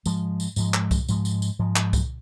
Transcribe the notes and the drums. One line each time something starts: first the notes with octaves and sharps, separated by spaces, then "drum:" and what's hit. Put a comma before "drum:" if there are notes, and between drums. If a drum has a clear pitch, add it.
G#2 F3 G#3, drum: tambourine
drum: tambourine
G#2 F3 G#3, drum: tambourine
drum: clap
drum: kick C2, tambourine
G#2 F3 G#3, drum: tambourine
drum: tambourine
drum: tambourine
G#2 F3 G#3
drum: clap
drum: kick C2, tambourine